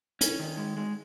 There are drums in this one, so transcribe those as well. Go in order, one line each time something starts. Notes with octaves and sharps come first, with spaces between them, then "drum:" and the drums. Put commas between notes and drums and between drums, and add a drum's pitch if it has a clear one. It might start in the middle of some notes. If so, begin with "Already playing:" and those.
C#4, drum: hi-hat
D#3
G#3
G#3